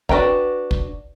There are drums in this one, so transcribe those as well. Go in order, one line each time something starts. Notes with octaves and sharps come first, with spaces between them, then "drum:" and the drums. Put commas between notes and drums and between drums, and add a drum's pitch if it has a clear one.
D4 F#4 B4 G5 A#5, drum: kick
drum: kick